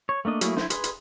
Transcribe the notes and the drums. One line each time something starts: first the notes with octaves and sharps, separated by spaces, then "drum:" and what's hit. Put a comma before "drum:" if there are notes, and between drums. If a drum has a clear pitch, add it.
C#5
A3 A#3 D4 D#5
F#3 A3 A#3 E4 G#4, drum: hi-hat
E4 C5, drum: snare
G#4 B4 C6, drum: hi-hat
drum: hi-hat